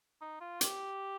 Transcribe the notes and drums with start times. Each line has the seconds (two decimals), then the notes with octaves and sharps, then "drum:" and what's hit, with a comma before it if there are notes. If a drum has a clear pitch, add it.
0.21 D#4
0.41 F4
0.61 G4, drum: hi-hat